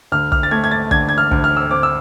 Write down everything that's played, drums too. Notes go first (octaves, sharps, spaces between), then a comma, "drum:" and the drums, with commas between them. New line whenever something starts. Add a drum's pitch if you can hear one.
D2 F6
F6, drum: kick
A6
A3 G#6
G#6
A6
D3 G#6, drum: kick
G#6
F6
D2, drum: kick
F6
E6
C4 D6
E6